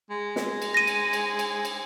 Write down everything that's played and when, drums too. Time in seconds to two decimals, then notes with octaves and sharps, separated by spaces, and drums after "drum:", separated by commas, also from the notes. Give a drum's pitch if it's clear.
0.10 G#3
0.36 drum: snare
0.62 drum: cymbal
0.74 A#6 D#7
0.87 drum: cymbal
1.13 drum: cymbal
1.39 drum: cymbal
1.65 drum: cymbal